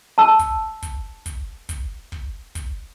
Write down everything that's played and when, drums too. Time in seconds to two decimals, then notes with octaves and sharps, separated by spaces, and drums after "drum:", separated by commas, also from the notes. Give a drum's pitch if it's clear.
0.18 A5 E6
0.39 drum: kick, hi-hat
0.82 drum: kick, hi-hat
1.26 drum: kick, hi-hat
1.69 drum: kick, hi-hat
2.12 drum: kick
2.55 drum: kick, hi-hat